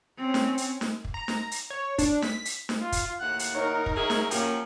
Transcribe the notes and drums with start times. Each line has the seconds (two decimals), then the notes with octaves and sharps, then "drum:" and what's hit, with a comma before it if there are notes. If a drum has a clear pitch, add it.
0.17 C4 C#4
0.34 drum: snare
0.58 drum: hi-hat
0.81 drum: snare
1.05 drum: kick
1.14 A#5
1.28 drum: snare
1.51 drum: hi-hat
1.70 C#5
1.98 D4, drum: kick, hi-hat
2.22 B6, drum: snare
2.45 drum: hi-hat
2.69 drum: snare
2.81 F4
2.92 drum: kick, hi-hat
3.20 D#2 A2 F#5 F#6
3.39 drum: hi-hat
3.55 D#4 A#4 C#5
3.86 drum: kick
3.96 F#3 E4 G#4
4.10 drum: snare
4.31 F3 F#3 A#3 C#4 G4, drum: hi-hat